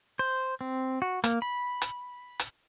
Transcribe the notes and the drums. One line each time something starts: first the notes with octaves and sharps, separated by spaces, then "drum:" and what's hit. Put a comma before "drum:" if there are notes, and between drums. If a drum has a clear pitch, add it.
C5
C4
F#4
A#3, drum: hi-hat
B5
drum: hi-hat
drum: hi-hat